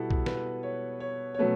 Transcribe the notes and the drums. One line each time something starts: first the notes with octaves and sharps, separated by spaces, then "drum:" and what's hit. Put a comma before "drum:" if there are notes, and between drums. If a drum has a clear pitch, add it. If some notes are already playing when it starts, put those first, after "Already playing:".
Already playing: B2 G3 B3 E4 A4
drum: kick
B4, drum: snare
C#5
C#5
C#5
B2 F#3 A3 C#4 B4